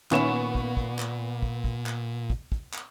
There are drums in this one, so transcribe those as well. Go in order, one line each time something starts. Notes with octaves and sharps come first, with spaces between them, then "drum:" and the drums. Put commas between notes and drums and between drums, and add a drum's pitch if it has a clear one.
A#2 D#3 B3 C#4 E4 C#6 E7, drum: clap
drum: kick
drum: kick
drum: clap
drum: kick
drum: kick
drum: clap
drum: kick
drum: kick
drum: clap